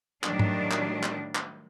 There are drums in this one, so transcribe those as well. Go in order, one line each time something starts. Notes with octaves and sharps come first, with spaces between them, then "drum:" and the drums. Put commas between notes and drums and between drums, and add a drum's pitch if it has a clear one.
A2 D#3 F#3 G3 D4, drum: clap
drum: tom G#2
drum: clap
drum: clap
drum: clap